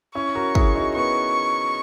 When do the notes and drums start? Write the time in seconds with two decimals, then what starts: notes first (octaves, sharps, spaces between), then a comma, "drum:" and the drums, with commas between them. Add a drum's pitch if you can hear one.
0.15 C#4 E4 C#6
0.35 F#4 A#4
0.55 E4 G#4, drum: kick
0.75 D#4 F#4
0.95 B3 C#6